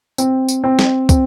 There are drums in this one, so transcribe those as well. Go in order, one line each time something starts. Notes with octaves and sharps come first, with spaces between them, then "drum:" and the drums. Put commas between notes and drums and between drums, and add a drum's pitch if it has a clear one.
C4, drum: tambourine
drum: tambourine
C4
drum: snare
C4, drum: kick, tambourine